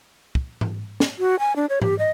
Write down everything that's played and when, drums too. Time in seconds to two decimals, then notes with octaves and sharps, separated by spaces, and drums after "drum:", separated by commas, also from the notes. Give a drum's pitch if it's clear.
0.35 drum: kick
0.61 drum: tom G#2
1.00 drum: snare
1.19 F#4
1.39 G#5
1.56 D4
1.70 C#5
1.82 G4, drum: tom G#2
1.99 D#5